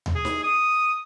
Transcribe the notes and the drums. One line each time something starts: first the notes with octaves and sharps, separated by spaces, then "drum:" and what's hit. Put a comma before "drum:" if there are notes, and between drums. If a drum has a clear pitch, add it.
drum: tom D#2
G#4
drum: snare D#4
D#6